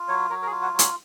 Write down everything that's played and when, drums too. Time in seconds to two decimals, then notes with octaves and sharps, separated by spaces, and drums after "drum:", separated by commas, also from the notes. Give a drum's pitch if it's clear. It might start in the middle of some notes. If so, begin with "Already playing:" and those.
Already playing: F4
0.08 F#3 C#5
0.30 F#3 A#4
0.42 A#4
0.47 G#4
0.51 F4
0.62 F#4
0.73 F#3
0.79 G#4, drum: hi-hat